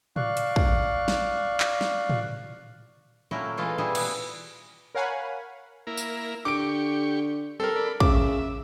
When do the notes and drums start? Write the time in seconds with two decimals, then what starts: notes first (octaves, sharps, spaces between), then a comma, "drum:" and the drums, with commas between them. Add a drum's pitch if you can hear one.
0.16 D5 F5 C#6 F#6, drum: tom A2
0.37 drum: hi-hat
0.56 drum: kick
1.08 drum: snare
1.60 drum: clap
1.81 drum: snare
2.09 drum: tom A2
3.31 A#2 F#3 A3 C#4 E4 A#4
3.57 E3 G#3 A3 E4 F4
3.78 A#2 E3 G3 E4 G#4
3.95 B2 G#4, drum: cymbal
4.95 A#4 C#5 F5 F#5 G#5 B5
5.87 A#3 E4 A#4
5.97 drum: tambourine
6.45 D3 G4 C#6 D6 D7
7.60 G3 C4 A4 A#4
7.76 D5 B5
8.00 C#3 E5 D6, drum: kick